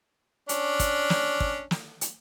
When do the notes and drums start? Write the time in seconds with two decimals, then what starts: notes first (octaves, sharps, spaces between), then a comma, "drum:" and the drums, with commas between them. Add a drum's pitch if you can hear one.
0.49 C#4 D4, drum: hi-hat
0.79 drum: kick, hi-hat
1.10 drum: snare
1.40 drum: kick
1.71 drum: snare
2.01 drum: hi-hat